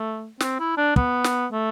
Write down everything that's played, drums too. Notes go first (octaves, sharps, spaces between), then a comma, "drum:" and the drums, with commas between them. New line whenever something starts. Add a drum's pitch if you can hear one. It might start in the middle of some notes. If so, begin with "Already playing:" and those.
Already playing: A3
C4, drum: snare
E4
D4
B3, drum: kick
drum: snare
A3